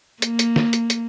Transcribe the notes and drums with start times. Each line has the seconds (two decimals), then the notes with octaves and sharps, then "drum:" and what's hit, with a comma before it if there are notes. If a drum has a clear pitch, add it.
0.22 A#3, drum: hi-hat
0.39 drum: hi-hat
0.56 drum: snare
0.73 drum: hi-hat
0.90 drum: hi-hat